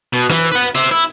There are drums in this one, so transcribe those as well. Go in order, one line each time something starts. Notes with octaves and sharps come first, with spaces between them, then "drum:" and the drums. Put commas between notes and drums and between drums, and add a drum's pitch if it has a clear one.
B2
E3, drum: rim click
B4 F#5
C5 E5, drum: hi-hat
E4